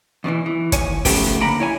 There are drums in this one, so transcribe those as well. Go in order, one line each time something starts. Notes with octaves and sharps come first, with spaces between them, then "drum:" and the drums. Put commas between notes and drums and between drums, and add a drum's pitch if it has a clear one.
E2 B2 D#3 E3
E3
D#2 C#5 G#5, drum: kick, hi-hat
G#2 C#3 F3 A3 B3 G4, drum: kick, open hi-hat
D3 A#3 G5 A#5 B5
E4 C#5 G#5